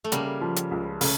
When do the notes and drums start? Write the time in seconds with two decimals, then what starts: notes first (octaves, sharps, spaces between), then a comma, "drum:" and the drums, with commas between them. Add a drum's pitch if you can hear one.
0.04 A3
0.12 C#3 G3 A#3, drum: hi-hat
0.41 F3
0.56 drum: hi-hat
0.71 C#2
1.01 C#3 A3, drum: open hi-hat